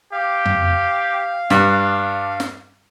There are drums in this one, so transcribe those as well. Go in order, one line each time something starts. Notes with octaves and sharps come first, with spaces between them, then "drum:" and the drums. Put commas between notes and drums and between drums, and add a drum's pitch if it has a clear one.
G4 F5
drum: tom F2
G2 D4, drum: snare
drum: snare